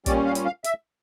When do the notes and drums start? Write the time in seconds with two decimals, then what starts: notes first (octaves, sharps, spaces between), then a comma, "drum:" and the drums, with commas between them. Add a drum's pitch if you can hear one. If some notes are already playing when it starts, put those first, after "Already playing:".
0.06 A#2 G3 C#4 D5, drum: kick, hi-hat
0.26 F5
0.35 drum: hi-hat
0.45 F5
0.65 E5, drum: hi-hat